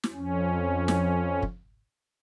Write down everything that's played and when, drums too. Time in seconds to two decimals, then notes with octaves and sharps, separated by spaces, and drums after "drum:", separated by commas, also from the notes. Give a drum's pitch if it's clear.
0.04 drum: snare
0.13 F2 C#4
0.88 drum: snare
1.42 drum: kick